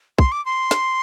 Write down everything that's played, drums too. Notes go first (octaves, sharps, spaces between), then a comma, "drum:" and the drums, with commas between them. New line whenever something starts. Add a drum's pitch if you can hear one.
C6, drum: kick
D6
C6
drum: snare